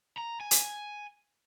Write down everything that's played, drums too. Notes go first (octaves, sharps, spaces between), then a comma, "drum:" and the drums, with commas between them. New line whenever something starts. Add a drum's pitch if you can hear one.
A#5
G#5
drum: hi-hat